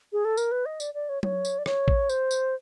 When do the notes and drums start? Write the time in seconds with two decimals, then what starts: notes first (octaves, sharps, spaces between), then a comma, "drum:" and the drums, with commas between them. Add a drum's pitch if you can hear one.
0.13 G#4
0.25 A4
0.37 A#4, drum: tambourine
0.52 B4
0.66 D#5
0.80 D5, drum: tambourine
0.94 D5
1.09 C#5
1.23 C#5, drum: tom F#3
1.45 drum: tambourine
1.59 D5
1.66 C#5, drum: rim click
1.88 drum: kick A1
2.09 C5, drum: tambourine
2.31 drum: tambourine